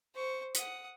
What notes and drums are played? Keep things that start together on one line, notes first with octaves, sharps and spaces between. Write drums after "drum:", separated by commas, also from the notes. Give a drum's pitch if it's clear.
C5 C#6
F#5 D#6, drum: hi-hat